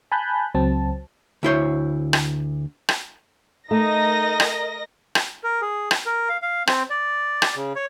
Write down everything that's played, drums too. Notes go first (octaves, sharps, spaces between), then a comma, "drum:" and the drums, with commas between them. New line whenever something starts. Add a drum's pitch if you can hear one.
G#5 A5 B5 F#6 G6
C#2 F#3 C4 A5
D2 E4 C5 C#5
drum: rim click
drum: rim click
A3 D#4 A#4 D#5 A#6
drum: rim click
drum: rim click
A#4
G#4
drum: rim click
A#4
F5
F5
C4, drum: rim click
D5
drum: rim click
C#3
C#5